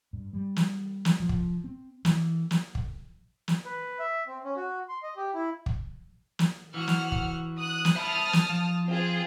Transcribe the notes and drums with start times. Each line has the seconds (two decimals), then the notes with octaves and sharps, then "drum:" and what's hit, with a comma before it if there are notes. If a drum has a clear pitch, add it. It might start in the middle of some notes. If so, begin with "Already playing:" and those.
0.13 G2
0.33 G3
0.56 drum: snare
1.05 drum: snare
1.20 F3
1.29 drum: kick
1.64 C4
2.05 E3, drum: snare
2.51 drum: snare
2.75 drum: kick
3.48 drum: snare
3.65 B4
3.99 E5
4.27 C4
4.44 C#4
4.56 F#4
4.89 C6
5.03 D#5
5.17 G4
5.34 E4
5.66 drum: kick
6.39 drum: snare
6.74 E3 F#4 F#5 F6
6.88 drum: snare
7.12 drum: kick
7.60 D#6 F#6
7.85 drum: snare
7.95 C5 E5 A5 B5 D#6 F6
8.33 drum: snare
8.49 F3
8.88 C4 F4 G#4